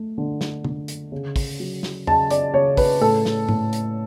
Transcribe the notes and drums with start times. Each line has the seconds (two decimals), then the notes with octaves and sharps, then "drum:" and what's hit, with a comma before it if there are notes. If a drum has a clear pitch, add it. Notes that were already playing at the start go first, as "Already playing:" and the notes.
Already playing: A3
0.18 D3
0.41 drum: snare
0.64 D3, drum: tom C3
0.88 drum: hi-hat
1.12 C#3
1.36 drum: kick, open hi-hat
1.60 F#3
1.83 drum: snare
2.07 C#3 A5, drum: tom E2
2.31 D5, drum: hi-hat
2.54 C#3 C#5
2.77 B4, drum: kick, open hi-hat
3.01 A2 A4
3.25 drum: snare
3.49 A2, drum: tom G#2
3.73 drum: hi-hat